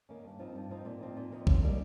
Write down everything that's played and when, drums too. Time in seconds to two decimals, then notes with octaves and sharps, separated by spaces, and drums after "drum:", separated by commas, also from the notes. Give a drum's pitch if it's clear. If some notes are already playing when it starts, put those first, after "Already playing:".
0.09 D#3 A#3 C#4
0.24 G2
0.39 F3 C4 D#4
0.55 G2
0.71 F3 C4 D#4
0.85 A#2
1.01 F3 C4 D#4
1.17 A#2
1.32 F3 C4 D#4
1.47 C#3, drum: kick A#1
1.62 G3 A#3 D#4